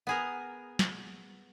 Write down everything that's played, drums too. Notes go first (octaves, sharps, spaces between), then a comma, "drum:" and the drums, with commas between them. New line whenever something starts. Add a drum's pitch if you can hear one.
B3 G#4 A#4
drum: snare